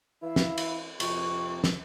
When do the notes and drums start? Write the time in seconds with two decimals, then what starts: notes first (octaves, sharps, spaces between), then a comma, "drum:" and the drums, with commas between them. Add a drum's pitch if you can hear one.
0.22 E3 E4 F5
0.36 drum: snare
0.58 drum: cymbal
1.00 F2 C3 C#6, drum: cymbal
1.64 drum: snare